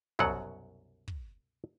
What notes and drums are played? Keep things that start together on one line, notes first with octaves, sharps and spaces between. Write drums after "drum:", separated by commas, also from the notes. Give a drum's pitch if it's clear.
C2 F#2 B2 F#3 F#5, drum: kick
drum: kick